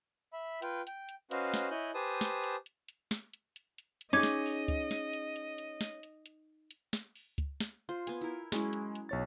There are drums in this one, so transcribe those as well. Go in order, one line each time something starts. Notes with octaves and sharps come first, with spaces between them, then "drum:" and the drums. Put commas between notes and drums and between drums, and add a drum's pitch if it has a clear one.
E5 B5
F4 B4 G5, drum: hi-hat
G5, drum: hi-hat
drum: hi-hat
C#4 F#4 B4 C5 D#5 F5, drum: hi-hat
drum: snare
E4 C#5 D#5 G#5 F#6 G6
G4 B4 C5 G#5 A5 D#6
drum: snare
drum: hi-hat
drum: hi-hat
drum: hi-hat
drum: snare
drum: hi-hat
drum: hi-hat
drum: hi-hat
drum: hi-hat
C#4 D#4 G#4 D#5 D6 G#6
drum: snare
drum: open hi-hat
drum: kick C#2, hi-hat
drum: snare
drum: hi-hat
drum: hi-hat
drum: hi-hat
drum: snare
drum: hi-hat
drum: hi-hat
drum: hi-hat
drum: snare
drum: open hi-hat
drum: kick C#2, hi-hat
drum: snare
F4 C5
B3 G#5, drum: hi-hat
E4 A#4
F#3 G#3 C#4 E4, drum: snare
drum: hi-hat
drum: hi-hat
B1 C#5 A6